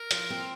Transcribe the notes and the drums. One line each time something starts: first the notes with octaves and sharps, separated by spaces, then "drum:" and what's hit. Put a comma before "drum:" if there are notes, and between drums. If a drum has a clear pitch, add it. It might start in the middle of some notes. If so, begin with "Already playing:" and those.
Already playing: A#4
F3, drum: hi-hat
C4